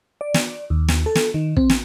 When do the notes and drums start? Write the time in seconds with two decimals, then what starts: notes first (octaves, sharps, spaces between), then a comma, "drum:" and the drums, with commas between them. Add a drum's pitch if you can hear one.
0.21 D5
0.34 drum: snare
0.70 D#2
0.88 drum: snare
1.06 A4
1.15 drum: snare
1.34 D#3
1.56 C4, drum: kick
1.69 drum: snare